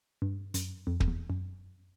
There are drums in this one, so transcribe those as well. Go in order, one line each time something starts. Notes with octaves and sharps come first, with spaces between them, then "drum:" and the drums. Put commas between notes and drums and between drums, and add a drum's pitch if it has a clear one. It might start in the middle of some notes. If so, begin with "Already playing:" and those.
G2
F#2, drum: hi-hat
F2
F2, drum: kick
E2
F#2